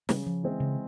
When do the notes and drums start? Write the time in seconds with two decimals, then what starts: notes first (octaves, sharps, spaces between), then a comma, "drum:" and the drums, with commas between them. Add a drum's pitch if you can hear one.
0.09 C#3 G3, drum: snare
0.26 F3
0.43 E3 G#3 C4
0.60 C#3